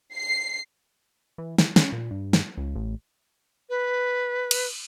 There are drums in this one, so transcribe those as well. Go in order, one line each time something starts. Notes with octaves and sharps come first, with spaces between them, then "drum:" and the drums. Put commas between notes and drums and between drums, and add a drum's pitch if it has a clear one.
C7
E3
E3, drum: snare
C#4, drum: snare
A#2
G2
drum: snare
C#2
A1
B4
drum: cymbal